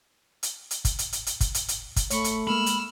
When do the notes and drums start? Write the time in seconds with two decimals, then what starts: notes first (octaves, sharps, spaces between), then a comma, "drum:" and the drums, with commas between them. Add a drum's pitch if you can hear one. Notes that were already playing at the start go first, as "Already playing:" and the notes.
0.43 drum: hi-hat
0.71 drum: hi-hat
0.85 drum: kick, hi-hat
0.99 drum: hi-hat
1.13 drum: hi-hat
1.27 drum: hi-hat
1.40 drum: kick, hi-hat
1.54 drum: hi-hat
1.68 drum: hi-hat
1.96 drum: kick, hi-hat
2.10 A3 C#5 B5 C#6, drum: hi-hat
2.24 drum: hi-hat
2.47 G#3 A#3 B5 E6 F6
2.66 drum: hi-hat